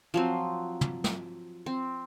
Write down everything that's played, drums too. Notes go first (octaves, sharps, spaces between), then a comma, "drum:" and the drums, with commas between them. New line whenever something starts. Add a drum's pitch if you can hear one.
F3 F#3 C4
drum: tom
drum: snare
C4